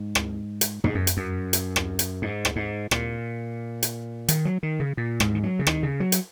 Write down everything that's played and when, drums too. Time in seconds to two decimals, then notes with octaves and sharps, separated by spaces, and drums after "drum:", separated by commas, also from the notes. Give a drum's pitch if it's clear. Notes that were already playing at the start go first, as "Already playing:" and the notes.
Already playing: G#2
0.15 drum: rim click
0.61 drum: hi-hat
0.84 G#2, drum: tom
0.95 F#2
1.07 drum: hi-hat
1.17 F#2
1.53 drum: hi-hat
1.76 drum: rim click
1.99 drum: hi-hat
2.22 G#2
2.45 drum: rim click
2.56 G#2
2.91 A#2, drum: rim click
3.83 drum: hi-hat
4.28 D#3, drum: hi-hat
4.45 F#3
4.63 D#3
4.80 C#3
4.97 A#2
5.20 G#2, drum: rim click
5.35 D#3
5.43 F#3
5.59 C#3
5.67 D#3, drum: rim click
5.83 C#3
6.00 F#3
6.12 drum: hi-hat